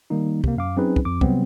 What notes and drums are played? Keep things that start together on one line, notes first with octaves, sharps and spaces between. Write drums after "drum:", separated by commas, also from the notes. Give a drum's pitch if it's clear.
D#3 G3 A#3 D#4
C3 A#3, drum: kick
F#2 F5 D6
F#3 C4 C#4 D#4 G#4 B4
drum: kick
F2 D6
C3 F#3 G3 B3 C4, drum: kick